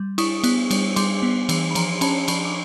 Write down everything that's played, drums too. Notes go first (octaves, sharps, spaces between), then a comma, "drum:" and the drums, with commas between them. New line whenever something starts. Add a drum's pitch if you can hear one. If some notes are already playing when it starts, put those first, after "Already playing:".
Already playing: G3
E4 C#6 D#6, drum: cymbal
B3, drum: cymbal
G3, drum: cymbal
G3 C6 D6, drum: cymbal
B3
E3, drum: cymbal
B5
F3 A#5 C6, drum: cymbal
C#4 A5 B5, drum: cymbal
F3 B5 C#6, drum: cymbal
D6